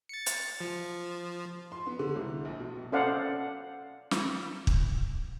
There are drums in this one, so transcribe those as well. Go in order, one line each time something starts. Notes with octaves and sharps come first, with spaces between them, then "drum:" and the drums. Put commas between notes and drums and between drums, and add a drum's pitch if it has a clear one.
A6 C#7
drum: hi-hat
F3
C6
B3
D3
C2
A#1
B2
C#4 A4 C5 D5 F5 F#5
drum: snare
drum: kick